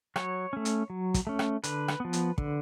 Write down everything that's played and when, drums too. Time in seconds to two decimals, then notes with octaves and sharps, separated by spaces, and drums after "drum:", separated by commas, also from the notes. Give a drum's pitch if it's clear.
0.16 F#3 C#5, drum: rim click
0.53 A3 C#4
0.65 drum: hi-hat
0.90 F#3
1.14 drum: kick, hi-hat
1.27 A3 C#4
1.39 drum: rim click
1.64 D3 B4, drum: hi-hat
1.88 drum: rim click
2.00 F3 B3
2.13 drum: hi-hat
2.38 D3, drum: kick